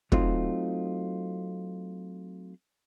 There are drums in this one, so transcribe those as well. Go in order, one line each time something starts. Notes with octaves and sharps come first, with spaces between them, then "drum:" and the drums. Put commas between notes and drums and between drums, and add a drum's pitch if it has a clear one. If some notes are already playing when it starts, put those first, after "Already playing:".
F#3 A3 C4 D#4 F4, drum: kick